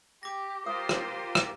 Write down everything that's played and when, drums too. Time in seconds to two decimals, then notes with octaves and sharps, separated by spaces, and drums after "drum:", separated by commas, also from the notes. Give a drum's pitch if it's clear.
0.23 G4 D6 A#6
0.66 F4 G4 A#4 C5 F5 D#6
0.89 drum: rim click
1.35 drum: rim click